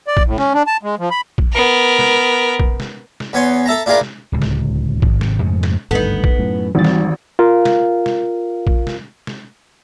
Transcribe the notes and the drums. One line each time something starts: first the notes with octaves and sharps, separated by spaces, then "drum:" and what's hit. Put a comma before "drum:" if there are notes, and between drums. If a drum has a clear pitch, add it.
D5
drum: kick A#1
A2
C#4, drum: snare
D4
A5
G#3
F3
B5
drum: kick A#1
B3 A#4
drum: snare
drum: kick A#1
drum: snare
drum: snare
E2 B3 C#5 G#5 C6
A4 E5 A5 A#5
D4 E4 F4 G#4 A#4 D5
drum: snare
D1 C#2
drum: snare
G#1, drum: kick A#1
G#1 C3, drum: snare
F2 G#2 C#3 A3
drum: snare
G#1 D2 G2 B3 D#4 A4
drum: kick A#1
F#2 A2
G#1 D#2 E3 G3 C4 A6
drum: snare
F4 A#4 F5
drum: snare
drum: snare
drum: kick A#1
drum: snare
drum: snare